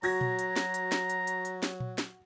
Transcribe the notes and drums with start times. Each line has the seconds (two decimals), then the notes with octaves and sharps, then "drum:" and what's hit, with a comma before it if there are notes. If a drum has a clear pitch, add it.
0.03 F#3 F#4 A#5 G#6 A#6, drum: open hi-hat
0.21 drum: tom A#2
0.39 drum: hi-hat
0.56 drum: snare
0.74 drum: hi-hat
0.92 drum: snare
1.10 drum: hi-hat
1.27 drum: hi-hat
1.45 drum: hi-hat
1.63 drum: snare
1.80 drum: tom A#2
1.98 drum: snare